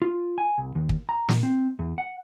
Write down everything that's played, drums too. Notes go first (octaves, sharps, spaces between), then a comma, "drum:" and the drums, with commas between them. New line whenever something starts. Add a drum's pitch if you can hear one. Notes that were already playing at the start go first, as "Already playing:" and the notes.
F4
G#5
C2
D#2
drum: kick
A#5
A#2, drum: snare
C4
E2
F#5